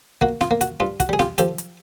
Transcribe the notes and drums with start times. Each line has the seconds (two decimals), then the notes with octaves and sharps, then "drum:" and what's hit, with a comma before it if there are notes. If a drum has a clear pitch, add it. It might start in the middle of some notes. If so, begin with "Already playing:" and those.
0.21 A#3 F#4, drum: kick
0.41 F4, drum: snare
0.51 A#3
0.61 F#4, drum: hi-hat
0.80 G2 F4
1.00 F#4, drum: kick, hi-hat
1.09 G3 G#4
1.19 F4 G4, drum: snare
1.38 F3 G4 A4, drum: hi-hat
1.58 drum: hi-hat